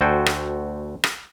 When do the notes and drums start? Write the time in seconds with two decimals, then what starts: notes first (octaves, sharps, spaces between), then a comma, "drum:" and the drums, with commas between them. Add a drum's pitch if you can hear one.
0.01 D2 F#4 A4 C5 G5 G#5
0.26 drum: rim click
1.04 drum: rim click